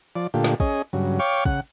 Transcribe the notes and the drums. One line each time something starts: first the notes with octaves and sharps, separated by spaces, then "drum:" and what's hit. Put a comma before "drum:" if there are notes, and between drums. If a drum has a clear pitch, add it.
F3 D5
A#2 D3 A3 F4 G4
drum: snare
C#4 G#4 D#5, drum: kick
G2 C#3 F#3
C#5 F5 G5 C#6 D6
C#3 F#5, drum: kick